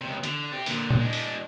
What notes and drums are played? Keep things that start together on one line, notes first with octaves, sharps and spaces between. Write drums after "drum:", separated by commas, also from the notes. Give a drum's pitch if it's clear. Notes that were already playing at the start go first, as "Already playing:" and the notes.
C#2 C3
D3, drum: hi-hat
C4 G4
A#2 D3, drum: open hi-hat
drum: tom
G#3 D4
drum: open hi-hat